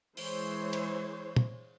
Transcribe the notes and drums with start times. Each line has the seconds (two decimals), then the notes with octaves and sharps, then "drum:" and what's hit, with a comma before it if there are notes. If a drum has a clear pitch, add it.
0.17 E3 G#3 C5 C#5, drum: open hi-hat
0.73 drum: cymbal
1.36 drum: tom